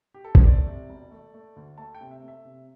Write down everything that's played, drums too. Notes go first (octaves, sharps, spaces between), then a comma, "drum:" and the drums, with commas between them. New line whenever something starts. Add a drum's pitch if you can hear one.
G4
A4
C5, drum: kick A#1
A3 D5
C3
E1
A3
A3
D2
A3 A5
G5
C3
E5
A3
E5
C3